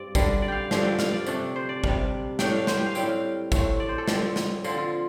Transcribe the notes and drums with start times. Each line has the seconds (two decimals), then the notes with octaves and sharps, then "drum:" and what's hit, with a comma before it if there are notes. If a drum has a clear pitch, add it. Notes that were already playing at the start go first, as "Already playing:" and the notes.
Already playing: G2 C4 D5
0.15 D3 G3 D4, drum: kick, tambourine
0.42 D5
0.48 F5 G5
0.71 G2 D3 F3 D4 F5, drum: snare
0.84 G5
0.99 F5, drum: snare
1.13 D5
1.26 C3 A3 D4, drum: tambourine
1.56 C5
1.69 D5
1.84 C3 G3 D4 F5, drum: kick
2.39 A2 A3 D4 G5, drum: snare
2.53 F5
2.67 C5, drum: snare
2.77 G4
2.86 F5
2.95 A2 G3 C4 G5, drum: tambourine
3.09 F5
3.52 A2 A3 C4, drum: kick, tambourine
3.80 D5
3.89 C5
3.98 A4
4.08 D3 F3 C4 F4, drum: snare
4.36 drum: snare
4.64 D3 F3 C4 F4, drum: tambourine
4.78 F4